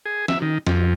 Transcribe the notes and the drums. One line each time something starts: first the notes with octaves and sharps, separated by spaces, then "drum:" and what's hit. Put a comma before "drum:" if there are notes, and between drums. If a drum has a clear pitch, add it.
G#4
E5, drum: snare
D#3
F2, drum: snare